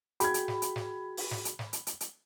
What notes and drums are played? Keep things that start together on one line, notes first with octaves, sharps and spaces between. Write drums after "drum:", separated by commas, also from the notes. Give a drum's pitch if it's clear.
F#4 G#4 G5 B5 G#6, drum: hi-hat
drum: hi-hat
drum: snare
drum: hi-hat
drum: snare
drum: open hi-hat
drum: snare
drum: hi-hat
drum: snare
drum: hi-hat
drum: hi-hat
drum: hi-hat